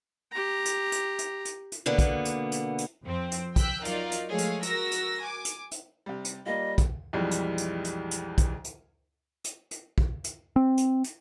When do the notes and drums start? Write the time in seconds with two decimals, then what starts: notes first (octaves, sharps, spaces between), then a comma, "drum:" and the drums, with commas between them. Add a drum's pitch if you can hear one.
0.32 G4 A#5
0.65 drum: hi-hat
0.92 drum: hi-hat
1.19 drum: hi-hat
1.45 drum: hi-hat
1.72 drum: hi-hat
1.86 B2 D3 A#3 B3
1.99 drum: kick, hi-hat
2.25 drum: hi-hat
2.52 drum: hi-hat
2.78 drum: hi-hat
3.02 F2 F3 C4
3.32 drum: hi-hat
3.56 G5 E6 F#6 G6 B6, drum: kick, hi-hat
3.85 F#3 D#4 F4 A#4 D5 F5, drum: hi-hat
4.12 drum: hi-hat
4.28 F3 G#3 A3 G#4 C#5 F5
4.38 drum: hi-hat
4.63 F#4 A#4 E6 A#6, drum: hi-hat
4.92 drum: hi-hat
5.23 G#5 D6
5.45 drum: hi-hat
5.71 drum: hi-hat
6.06 C3 G3
6.25 drum: hi-hat
6.46 G3 A#3 F4 D#5
6.78 drum: kick, hi-hat
7.13 B1 F2 E3 G3 G#3
7.31 drum: hi-hat
7.58 drum: hi-hat
7.85 drum: hi-hat
8.11 drum: hi-hat
8.38 drum: kick, hi-hat
8.64 drum: hi-hat
9.44 drum: hi-hat
9.71 drum: hi-hat
9.98 drum: kick
10.24 drum: hi-hat
10.56 C4
10.78 drum: hi-hat
11.04 drum: hi-hat